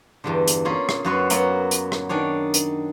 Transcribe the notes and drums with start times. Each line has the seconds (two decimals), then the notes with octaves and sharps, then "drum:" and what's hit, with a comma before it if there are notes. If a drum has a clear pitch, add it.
0.24 E2 G2 D3
0.47 drum: hi-hat
0.65 A#3 C#4 F4 G#4
0.89 drum: rim click
1.04 F#2 F4 F#4 B4 C#5 C6
1.30 F#3 A#3 B3 F#4, drum: hi-hat
1.71 drum: hi-hat
1.92 drum: rim click
2.09 D#3 D4 G#4 C#5
2.54 drum: hi-hat